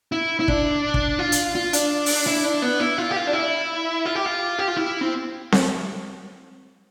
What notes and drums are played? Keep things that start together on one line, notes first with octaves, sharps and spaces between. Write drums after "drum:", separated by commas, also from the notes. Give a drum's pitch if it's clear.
E4
E4
D4, drum: kick
drum: kick
F4
drum: hi-hat
F4
D4, drum: hi-hat
drum: open hi-hat
E4
D4
B3
E4
F4
G4
F4
D4
E4
F4
G4
F4
G4
F4
E4
C4
drum: snare C4